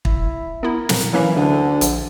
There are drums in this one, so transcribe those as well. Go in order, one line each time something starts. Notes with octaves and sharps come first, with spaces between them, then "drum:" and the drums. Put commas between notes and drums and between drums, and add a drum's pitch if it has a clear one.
E4, drum: kick
B3 E4 A#4
drum: snare
E3 F#3 A#3 C#4
D2 D3
A#1, drum: hi-hat